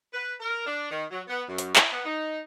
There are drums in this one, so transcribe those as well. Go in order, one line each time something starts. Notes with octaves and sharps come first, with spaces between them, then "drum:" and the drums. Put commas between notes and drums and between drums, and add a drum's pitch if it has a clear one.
B4
A#4
D4
D#3
F#3
B3
F#2
drum: hi-hat
E4, drum: clap
B3
D#4